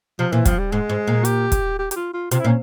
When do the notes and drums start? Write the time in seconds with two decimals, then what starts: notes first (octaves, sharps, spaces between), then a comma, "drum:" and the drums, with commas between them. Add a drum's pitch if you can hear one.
0.19 C3 F3
0.33 A#2 E3
0.45 G2 F3, drum: kick, hi-hat
0.59 G3
0.72 G#2 G#3
0.89 G#2
1.07 A#2
1.25 G4, drum: hi-hat
1.52 drum: kick, hi-hat
1.79 G4
1.91 G4, drum: hi-hat
1.96 F4
2.13 F4
2.31 C3 F4, drum: hi-hat
2.40 E4
2.44 A#2
2.48 C#4